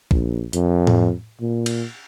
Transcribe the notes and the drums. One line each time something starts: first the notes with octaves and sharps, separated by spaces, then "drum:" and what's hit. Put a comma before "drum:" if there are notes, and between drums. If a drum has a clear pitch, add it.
A#1, drum: kick
F2, drum: hi-hat
drum: tom A2
A#2
drum: cymbal